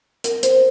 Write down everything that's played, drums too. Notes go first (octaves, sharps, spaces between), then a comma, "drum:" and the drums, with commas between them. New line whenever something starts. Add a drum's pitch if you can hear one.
A#4, drum: hi-hat
C5, drum: hi-hat